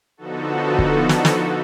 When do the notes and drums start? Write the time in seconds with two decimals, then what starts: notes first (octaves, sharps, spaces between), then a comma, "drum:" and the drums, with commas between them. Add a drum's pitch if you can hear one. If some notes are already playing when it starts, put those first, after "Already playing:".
0.17 D3 F3 B3 D#4 F#4 A4
0.79 drum: kick
1.09 drum: snare
1.25 drum: snare